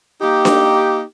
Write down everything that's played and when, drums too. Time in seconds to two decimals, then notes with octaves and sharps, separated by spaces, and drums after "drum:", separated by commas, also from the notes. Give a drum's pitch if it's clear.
0.21 A#3 D#4 G4
0.45 drum: snare D4